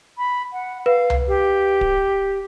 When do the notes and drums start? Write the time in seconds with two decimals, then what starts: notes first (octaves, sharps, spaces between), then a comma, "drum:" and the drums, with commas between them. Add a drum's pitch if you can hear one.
0.18 B5
0.53 F#5
0.86 B4 F5
1.10 drum: tom C2
1.28 G4
1.81 drum: kick D1